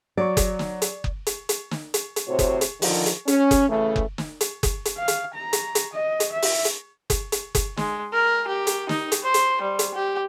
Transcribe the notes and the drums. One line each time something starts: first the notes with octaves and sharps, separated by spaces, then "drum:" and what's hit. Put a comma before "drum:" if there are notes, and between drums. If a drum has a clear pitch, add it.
F#3 D5 C#6
drum: kick F#1, hi-hat
drum: snare
drum: hi-hat
drum: kick F#1
drum: hi-hat
drum: hi-hat
drum: snare
drum: hi-hat
drum: hi-hat
A2 C3 F#4 C5 C#5
drum: kick F#1, hi-hat
drum: hi-hat
D3 D#3 F3, drum: open hi-hat
drum: hi-hat
C#4, drum: hi-hat
drum: kick F#1, hi-hat
C#3 E3 A3
drum: kick F#1
drum: snare
drum: hi-hat
drum: kick F#1, hi-hat
drum: hi-hat
F5
drum: hi-hat
A#5
drum: hi-hat
drum: hi-hat
D#5
drum: hi-hat
E5
drum: open hi-hat
drum: hi-hat
drum: kick F#1, hi-hat
drum: hi-hat
drum: kick F#1, hi-hat
G#3, drum: snare
A#4
G4
drum: hi-hat
D#4, drum: snare
drum: hi-hat
C5
drum: hi-hat
G3
drum: hi-hat
G4